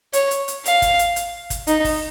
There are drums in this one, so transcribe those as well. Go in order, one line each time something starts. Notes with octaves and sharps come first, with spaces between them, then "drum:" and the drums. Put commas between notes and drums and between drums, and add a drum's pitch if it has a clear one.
C#5, drum: hi-hat
drum: hi-hat
drum: hi-hat
F5, drum: hi-hat
drum: kick, hi-hat
drum: hi-hat
drum: hi-hat
drum: kick, hi-hat
D#4, drum: hi-hat
drum: kick, open hi-hat